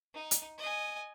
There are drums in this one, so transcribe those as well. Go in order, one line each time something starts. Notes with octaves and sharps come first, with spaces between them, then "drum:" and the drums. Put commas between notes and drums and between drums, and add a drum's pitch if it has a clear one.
D#4
drum: hi-hat
D#5 G#5